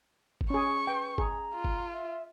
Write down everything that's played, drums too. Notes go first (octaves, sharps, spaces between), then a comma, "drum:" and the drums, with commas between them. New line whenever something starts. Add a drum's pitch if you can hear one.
drum: kick G1
C#4 G#4 C#6
B4 G5
G#4 A#5, drum: kick G1
F4
drum: kick G1
E5